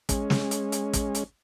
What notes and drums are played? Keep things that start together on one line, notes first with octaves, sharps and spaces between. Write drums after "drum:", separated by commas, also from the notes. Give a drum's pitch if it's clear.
G#3 C#4, drum: kick, hi-hat
drum: snare
drum: hi-hat
drum: hi-hat
drum: kick, hi-hat
drum: hi-hat